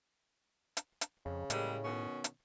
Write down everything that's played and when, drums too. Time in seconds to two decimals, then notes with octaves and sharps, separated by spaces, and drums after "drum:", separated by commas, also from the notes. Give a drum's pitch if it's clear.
0.77 drum: hi-hat
1.01 drum: hi-hat
1.26 F2 C#3
1.50 A2 G3 G#3 A#3, drum: hi-hat
1.83 B2 D#3 C#4
2.24 drum: hi-hat